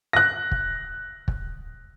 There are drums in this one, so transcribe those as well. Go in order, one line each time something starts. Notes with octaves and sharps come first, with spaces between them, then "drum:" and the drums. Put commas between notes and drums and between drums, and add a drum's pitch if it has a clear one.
F#6 A#6
drum: kick
drum: kick